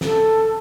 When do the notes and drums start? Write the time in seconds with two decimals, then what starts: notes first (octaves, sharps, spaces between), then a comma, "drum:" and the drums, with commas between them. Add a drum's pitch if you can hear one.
0.01 A4, drum: snare